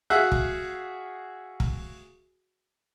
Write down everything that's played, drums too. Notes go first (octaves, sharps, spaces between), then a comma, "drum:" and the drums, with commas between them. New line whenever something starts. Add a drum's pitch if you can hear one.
F#4 G#4 E5 F5 F#6
drum: kick
drum: kick